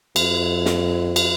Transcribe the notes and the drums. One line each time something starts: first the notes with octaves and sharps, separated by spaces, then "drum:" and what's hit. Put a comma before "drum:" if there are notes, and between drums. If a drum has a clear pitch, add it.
F2, drum: cymbal
drum: snare
drum: cymbal